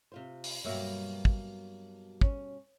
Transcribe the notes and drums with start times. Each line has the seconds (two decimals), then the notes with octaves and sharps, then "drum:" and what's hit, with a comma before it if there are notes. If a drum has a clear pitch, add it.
0.12 C3 F4 C5
0.44 drum: open hi-hat
0.64 G2 B2 F#3 A#3 E5
1.25 drum: kick
2.21 C#4, drum: kick